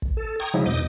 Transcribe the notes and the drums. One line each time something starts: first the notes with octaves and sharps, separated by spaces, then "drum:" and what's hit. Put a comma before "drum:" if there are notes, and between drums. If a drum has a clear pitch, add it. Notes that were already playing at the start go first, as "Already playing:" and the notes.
drum: kick
A4
G5 A#5 C#6 D#6 G#6
C#3 F3 F#3 G#3 D#4 E4
E2 B2 D#5 D6 D#6 G6